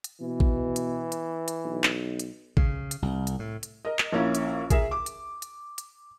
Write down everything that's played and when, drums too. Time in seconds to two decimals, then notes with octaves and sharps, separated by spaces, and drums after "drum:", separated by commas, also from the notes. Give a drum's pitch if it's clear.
0.04 drum: hi-hat
0.22 B2 E3
0.40 drum: kick
0.76 drum: hi-hat
1.12 drum: hi-hat
1.48 drum: hi-hat
1.65 B1
1.84 drum: clap
2.19 drum: hi-hat
2.57 C#3, drum: kick
2.91 drum: hi-hat
3.02 C2
3.27 drum: hi-hat
3.39 A2
3.63 drum: hi-hat
3.85 A#4 D#5
3.99 drum: clap
4.13 A#1 A#3 C#4 E4 C#6
4.35 drum: hi-hat
4.70 G#4 A#4 E5, drum: kick, hi-hat
4.91 D6
5.06 drum: hi-hat
5.42 drum: hi-hat
5.78 drum: hi-hat